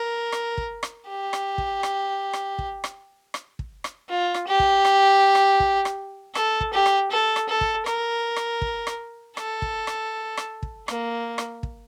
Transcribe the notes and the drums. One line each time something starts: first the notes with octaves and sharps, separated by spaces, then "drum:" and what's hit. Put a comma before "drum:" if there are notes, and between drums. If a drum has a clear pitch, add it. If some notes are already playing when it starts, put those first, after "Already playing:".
Already playing: A#4
drum: rim click
drum: kick
drum: rim click
G4
drum: rim click
drum: kick
drum: rim click
drum: rim click
drum: kick
drum: rim click
drum: rim click
drum: kick
drum: rim click
F4
drum: rim click
G4
drum: kick
drum: rim click
drum: rim click
drum: kick
drum: rim click
A4, drum: rim click
drum: kick
G4
drum: rim click
A4
drum: rim click
A4
drum: kick
A#4, drum: rim click
drum: rim click
drum: kick
drum: rim click
A4, drum: rim click
drum: kick
drum: rim click
drum: rim click
drum: kick
A#3, drum: rim click
drum: rim click
drum: kick